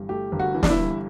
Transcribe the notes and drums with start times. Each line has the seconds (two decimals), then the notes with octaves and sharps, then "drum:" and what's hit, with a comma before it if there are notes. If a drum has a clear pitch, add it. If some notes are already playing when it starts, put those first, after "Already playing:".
Already playing: G1 G2 E3
0.09 A3 G4
0.32 G1
0.40 F#4
0.55 E3
0.63 D4, drum: snare
0.70 E4
0.78 G2